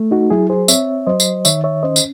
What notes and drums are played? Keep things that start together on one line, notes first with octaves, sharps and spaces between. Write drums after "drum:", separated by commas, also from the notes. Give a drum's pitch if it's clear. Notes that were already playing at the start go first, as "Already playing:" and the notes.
Already playing: A3
D#4 F#4
F#3 E4 G#4
G#4 C5
C4 C#5 E5, drum: tambourine
F#3 C5 D#5
drum: tambourine
D#3 C#5 E5, drum: tambourine
C#5 E5
C#4 C5 D#5
drum: tambourine